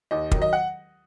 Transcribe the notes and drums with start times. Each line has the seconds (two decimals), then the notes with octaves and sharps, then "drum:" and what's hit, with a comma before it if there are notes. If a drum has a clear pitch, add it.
0.11 D#2 D#5
0.31 D#3 F#3, drum: kick
0.42 D#5
0.53 F#5